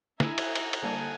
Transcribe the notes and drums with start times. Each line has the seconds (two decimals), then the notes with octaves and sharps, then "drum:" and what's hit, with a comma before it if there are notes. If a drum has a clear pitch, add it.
0.20 D#4 E4 E5 G#5, drum: snare
0.38 drum: cymbal
0.55 drum: cymbal
0.73 drum: cymbal
0.83 D3 G3 A#3 A4 G#5